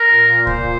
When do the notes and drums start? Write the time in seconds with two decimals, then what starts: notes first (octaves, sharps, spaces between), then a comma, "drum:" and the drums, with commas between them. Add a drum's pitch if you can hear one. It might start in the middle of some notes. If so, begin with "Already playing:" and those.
Already playing: A#4
0.10 A#2
0.47 C5, drum: kick C2